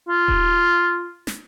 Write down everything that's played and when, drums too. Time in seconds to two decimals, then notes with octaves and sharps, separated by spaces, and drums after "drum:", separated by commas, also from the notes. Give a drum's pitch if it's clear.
0.08 F4
0.28 drum: kick D#1
1.27 drum: snare